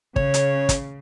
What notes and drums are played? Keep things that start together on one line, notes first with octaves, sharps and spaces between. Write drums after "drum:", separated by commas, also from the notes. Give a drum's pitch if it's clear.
C#3 C#5, drum: kick
drum: hi-hat
drum: kick, hi-hat